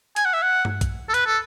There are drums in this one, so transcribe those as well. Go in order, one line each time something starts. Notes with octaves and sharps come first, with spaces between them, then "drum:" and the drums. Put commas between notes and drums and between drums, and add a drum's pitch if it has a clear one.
G#5, drum: hi-hat
F#5
E5
F#5
drum: tom G2
drum: kick A#1, hi-hat
A4
B4, drum: hi-hat
A4